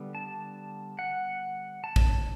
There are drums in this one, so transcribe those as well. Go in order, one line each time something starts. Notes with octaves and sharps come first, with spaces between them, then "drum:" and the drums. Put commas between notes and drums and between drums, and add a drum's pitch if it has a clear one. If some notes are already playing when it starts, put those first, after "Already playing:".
Already playing: D3 G3 B3
A5
F#5
A5
drum: kick